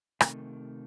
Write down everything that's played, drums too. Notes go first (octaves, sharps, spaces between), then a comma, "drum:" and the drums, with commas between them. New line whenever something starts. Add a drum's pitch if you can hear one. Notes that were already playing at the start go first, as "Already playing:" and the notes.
C3 D#3 A3, drum: rim click